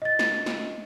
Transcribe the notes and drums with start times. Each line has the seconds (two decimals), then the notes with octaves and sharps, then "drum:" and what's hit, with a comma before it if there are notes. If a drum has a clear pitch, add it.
0.02 D#5 A6
0.19 drum: snare
0.46 drum: snare